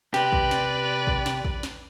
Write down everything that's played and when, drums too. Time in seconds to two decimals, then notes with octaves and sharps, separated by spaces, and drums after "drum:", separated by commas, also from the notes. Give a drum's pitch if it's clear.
0.14 C3 G4 B4 D5, drum: snare
0.33 drum: kick
0.51 drum: snare
1.07 drum: kick
1.26 drum: snare
1.45 drum: kick
1.63 drum: snare